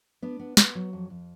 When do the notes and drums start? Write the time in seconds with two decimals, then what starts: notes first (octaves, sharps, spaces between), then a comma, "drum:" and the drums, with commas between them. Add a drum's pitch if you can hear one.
0.22 B3 D4
0.40 B3
0.57 B3, drum: snare
0.75 F#3
0.93 F2
1.10 F2